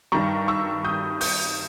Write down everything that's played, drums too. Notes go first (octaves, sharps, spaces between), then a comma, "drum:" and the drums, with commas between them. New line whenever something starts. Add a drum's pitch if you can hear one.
G2 D#3 G3 A#5 C#6
C#6 E6
D#6 G6
D#6 G6, drum: open hi-hat